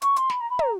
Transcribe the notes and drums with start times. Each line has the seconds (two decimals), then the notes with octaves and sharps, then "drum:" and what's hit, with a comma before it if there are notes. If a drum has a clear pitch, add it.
0.02 C#6, drum: hi-hat
0.16 C6, drum: hi-hat
0.30 B5, drum: snare
0.40 A#5
0.49 B5
0.59 A#5, drum: tom